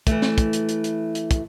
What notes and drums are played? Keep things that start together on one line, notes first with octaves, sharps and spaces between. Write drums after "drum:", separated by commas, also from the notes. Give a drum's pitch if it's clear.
E3 A3, drum: kick, hi-hat
drum: snare
drum: kick, hi-hat
drum: hi-hat
drum: hi-hat
drum: hi-hat
drum: hi-hat
drum: kick, hi-hat